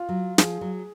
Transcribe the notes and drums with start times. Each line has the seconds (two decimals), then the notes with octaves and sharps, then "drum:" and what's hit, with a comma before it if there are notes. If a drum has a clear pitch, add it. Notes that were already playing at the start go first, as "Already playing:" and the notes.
Already playing: F4
0.09 F#3
0.38 F3 G#4, drum: snare
0.61 F#3